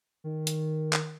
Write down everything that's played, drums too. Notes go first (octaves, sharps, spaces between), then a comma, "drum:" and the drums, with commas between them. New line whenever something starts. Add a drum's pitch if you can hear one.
D#3
drum: hi-hat
drum: clap